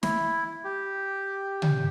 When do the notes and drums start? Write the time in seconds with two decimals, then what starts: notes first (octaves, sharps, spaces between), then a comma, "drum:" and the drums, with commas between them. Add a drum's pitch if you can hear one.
0.03 E4, drum: snare
0.64 G4
1.62 drum: tom